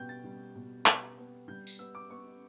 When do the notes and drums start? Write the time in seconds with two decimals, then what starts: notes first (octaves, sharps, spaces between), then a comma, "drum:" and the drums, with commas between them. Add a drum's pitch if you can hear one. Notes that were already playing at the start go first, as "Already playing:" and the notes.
Already playing: B2 G3 B3 G5 G6
0.09 A6
0.24 G3
0.55 B2
0.86 B3, drum: clap
1.18 B3
1.48 G3 G6
1.67 drum: tambourine
1.79 B3 E6
1.95 D6
2.10 B3 C#6